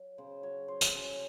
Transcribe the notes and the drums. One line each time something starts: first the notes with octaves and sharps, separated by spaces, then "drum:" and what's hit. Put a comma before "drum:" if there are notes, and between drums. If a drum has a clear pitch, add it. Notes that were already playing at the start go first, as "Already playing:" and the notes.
Already playing: F#3
C#3 C5
F#3 C#5
F#3 C5
drum: tambourine
F#3 C#4